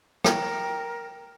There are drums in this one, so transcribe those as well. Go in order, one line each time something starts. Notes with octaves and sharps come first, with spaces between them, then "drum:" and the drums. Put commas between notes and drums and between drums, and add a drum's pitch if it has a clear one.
A#4 G5, drum: rim click